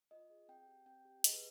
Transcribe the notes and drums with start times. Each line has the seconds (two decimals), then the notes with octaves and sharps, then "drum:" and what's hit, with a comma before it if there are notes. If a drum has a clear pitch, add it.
0.11 F4 D#5
0.30 G#4
0.48 C4 G5
0.68 G4
0.86 C4 G5
1.05 G4
1.24 G#4 D#5, drum: hi-hat
1.33 B4